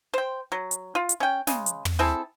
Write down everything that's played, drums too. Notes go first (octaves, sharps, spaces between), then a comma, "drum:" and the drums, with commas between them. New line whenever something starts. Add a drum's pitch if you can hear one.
C5 G5
F#3
drum: hi-hat
F4
drum: hi-hat
C#4 G5
C#3 G#3, drum: snare
drum: hi-hat
drum: tom
C4 E4 G#4 A4